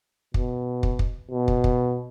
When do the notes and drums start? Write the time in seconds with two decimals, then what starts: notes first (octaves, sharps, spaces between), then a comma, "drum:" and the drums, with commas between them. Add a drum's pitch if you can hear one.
0.34 B2, drum: kick
0.83 drum: kick
0.99 drum: kick
1.31 B2
1.48 drum: kick
1.64 drum: kick